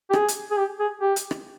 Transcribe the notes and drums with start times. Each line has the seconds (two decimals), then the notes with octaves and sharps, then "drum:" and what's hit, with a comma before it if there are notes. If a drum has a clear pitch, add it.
0.10 G4
0.13 G#4, drum: rim click
0.28 drum: hi-hat
0.51 G#4
0.58 G4
0.80 G#4
1.01 G4
1.16 drum: hi-hat
1.31 drum: rim click